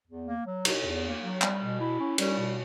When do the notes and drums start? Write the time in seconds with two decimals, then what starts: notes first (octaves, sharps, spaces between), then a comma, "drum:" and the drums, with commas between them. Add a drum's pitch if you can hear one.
0.08 E2
0.27 A#3
0.46 F#3
0.65 B2, drum: cymbal
0.85 E2
1.04 A#3
1.22 F#3
1.42 G3, drum: clap
1.61 B2
1.81 E4
1.99 C#4
2.18 G3, drum: cymbal
2.37 B2